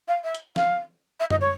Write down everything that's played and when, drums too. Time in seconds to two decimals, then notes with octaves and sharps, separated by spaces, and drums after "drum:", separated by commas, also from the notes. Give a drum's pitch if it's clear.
0.08 F5
0.24 E5
0.34 drum: hi-hat
0.56 F5, drum: snare
1.20 E5
1.30 D#5, drum: tom F#2
1.41 C#5